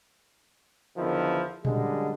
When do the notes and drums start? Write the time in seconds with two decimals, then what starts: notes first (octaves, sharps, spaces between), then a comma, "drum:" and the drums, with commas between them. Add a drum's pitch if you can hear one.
0.97 E2 D3 D#3 F3 E4
1.65 F#2 D3 G3 G#3, drum: tom A#2